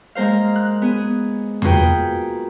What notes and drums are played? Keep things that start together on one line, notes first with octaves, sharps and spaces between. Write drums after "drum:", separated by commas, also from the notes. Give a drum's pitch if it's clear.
G#3 A#3 A#4 C5 F5
F#6
B3 G#4
A#3 F4 F#4 G#4 B4 G5, drum: tom E2